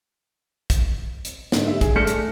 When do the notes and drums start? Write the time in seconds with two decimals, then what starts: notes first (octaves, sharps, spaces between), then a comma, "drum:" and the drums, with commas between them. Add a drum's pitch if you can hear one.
0.70 drum: kick, hi-hat
1.25 drum: hi-hat
1.52 G#2 D3, drum: snare
1.67 G4 E5
1.81 G#4, drum: kick, hi-hat
1.96 A3 D4 F6 A#6 C#7
2.07 drum: hi-hat